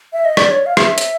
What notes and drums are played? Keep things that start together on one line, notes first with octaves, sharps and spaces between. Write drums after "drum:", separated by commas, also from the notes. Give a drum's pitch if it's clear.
E5
D#5
D5, drum: rim click
C#5
F5
E5, drum: rim click
drum: hi-hat